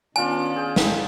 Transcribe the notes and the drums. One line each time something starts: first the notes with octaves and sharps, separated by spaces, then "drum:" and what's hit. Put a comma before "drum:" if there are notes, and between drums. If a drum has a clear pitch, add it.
D#3 B3 C#4 D4 F4 D5 G#5
G#4 G5
drum: snare